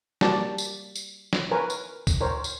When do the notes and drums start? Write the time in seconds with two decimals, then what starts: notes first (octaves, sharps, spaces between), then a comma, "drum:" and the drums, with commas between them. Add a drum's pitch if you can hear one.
0.21 G3 A#3 F#4 D5 A5, drum: snare
0.58 drum: tambourine
0.96 drum: tambourine
1.33 drum: snare
1.51 A#4 B4 C#5 G#5
1.70 drum: tambourine
2.07 drum: kick C#2, tambourine
2.21 A#4 C5 C#5
2.44 drum: tambourine